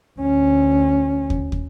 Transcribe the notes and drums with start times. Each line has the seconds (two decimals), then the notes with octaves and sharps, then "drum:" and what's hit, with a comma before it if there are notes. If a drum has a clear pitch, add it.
0.20 D2 C#4
1.30 drum: kick
1.52 drum: kick